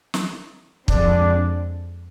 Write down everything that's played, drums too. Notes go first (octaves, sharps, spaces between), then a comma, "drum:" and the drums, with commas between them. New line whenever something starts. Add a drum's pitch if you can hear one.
drum: snare
F2 D3 F3 G#3 C4 D4, drum: kick